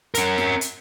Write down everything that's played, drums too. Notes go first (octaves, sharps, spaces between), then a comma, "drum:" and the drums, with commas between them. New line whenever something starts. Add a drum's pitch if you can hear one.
C#4 A#4, drum: hi-hat
drum: snare
drum: hi-hat